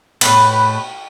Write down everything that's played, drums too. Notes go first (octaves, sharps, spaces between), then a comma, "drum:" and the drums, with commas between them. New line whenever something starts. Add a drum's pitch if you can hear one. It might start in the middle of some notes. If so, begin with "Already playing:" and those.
A2 B4, drum: cymbal